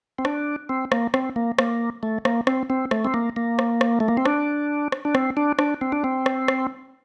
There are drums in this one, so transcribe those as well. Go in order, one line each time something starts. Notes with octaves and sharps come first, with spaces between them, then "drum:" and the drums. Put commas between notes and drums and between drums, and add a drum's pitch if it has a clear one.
C4
D4, drum: rim click
C4
A#3, drum: rim click
C4, drum: rim click
A#3
A#3, drum: rim click
A3
A#3, drum: rim click
C4, drum: rim click
C4
A3, drum: rim click
C4
A#3
A#3
drum: rim click
drum: rim click
A3
A#3
C4
D4, drum: rim click
drum: rim click
D4
C4, drum: rim click
D4
D4, drum: rim click
C4
D4
C4
drum: rim click
drum: rim click